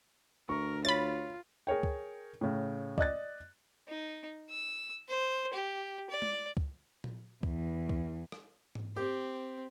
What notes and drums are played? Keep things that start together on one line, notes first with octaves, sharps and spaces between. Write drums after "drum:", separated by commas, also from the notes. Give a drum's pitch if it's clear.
D2 A#4 C#6
F4 C#5 B5 A6
G#4 A#4 C#5 G5
drum: kick C#2
A2 C#3
D5 D#5 F#6 A6, drum: kick C#2
D#4
E6
C5
G4
D5
drum: tom G#3
drum: kick C#2
drum: tom A#2
E2, drum: kick C#2
drum: kick C#2
drum: rim click
drum: tom G#2
C4 G4